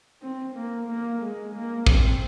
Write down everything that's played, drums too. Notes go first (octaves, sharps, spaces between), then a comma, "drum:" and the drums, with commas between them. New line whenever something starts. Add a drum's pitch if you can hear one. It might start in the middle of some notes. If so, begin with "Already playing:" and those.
C4
A#3
A#3
G#3
A#3
C4, drum: kick